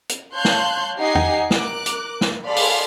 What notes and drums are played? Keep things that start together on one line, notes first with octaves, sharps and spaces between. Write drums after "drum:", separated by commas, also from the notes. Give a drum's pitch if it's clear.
drum: hi-hat
C#5 F5 A5 C6 F#6 G6
drum: snare
D#4 G4 D#5 F#5 G#5 C7
drum: tom
A#4 D6 F#6, drum: snare
drum: hi-hat
drum: snare
G#4 A4 D5 F5 B5 C6
drum: open hi-hat